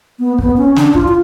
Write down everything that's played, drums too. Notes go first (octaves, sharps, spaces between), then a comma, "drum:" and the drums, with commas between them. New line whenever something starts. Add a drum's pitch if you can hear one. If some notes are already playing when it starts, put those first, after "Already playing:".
B3
B3, drum: kick
C#4
D4, drum: snare
F4, drum: kick
F4